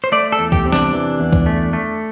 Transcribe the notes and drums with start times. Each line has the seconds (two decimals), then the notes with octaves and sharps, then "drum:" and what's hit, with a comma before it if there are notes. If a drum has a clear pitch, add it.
0.04 C5
0.12 A3 D5
0.32 A4
0.39 E2
0.52 G4, drum: kick C2
0.66 C3
0.72 D4, drum: snare
0.93 E3
1.20 E2
1.33 drum: kick C2
1.46 A3
1.73 A3